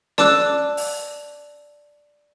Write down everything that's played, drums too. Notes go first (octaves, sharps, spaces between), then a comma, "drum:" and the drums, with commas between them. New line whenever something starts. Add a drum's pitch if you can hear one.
D5 A5 D6 E6 F#6, drum: snare C#4
drum: open hi-hat